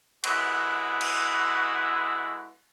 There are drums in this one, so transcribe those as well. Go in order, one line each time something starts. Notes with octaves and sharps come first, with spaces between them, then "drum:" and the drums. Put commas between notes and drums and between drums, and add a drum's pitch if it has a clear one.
D3 G#3 B3 E4 F#4, drum: cymbal
drum: cymbal